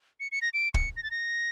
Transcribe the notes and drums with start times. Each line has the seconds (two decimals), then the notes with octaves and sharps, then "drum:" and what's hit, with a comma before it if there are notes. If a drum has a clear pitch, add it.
0.20 C#7
0.32 C#7
0.42 A#6
0.54 D7
0.74 C#7, drum: kick
0.97 A#6
1.03 A6
1.11 A#6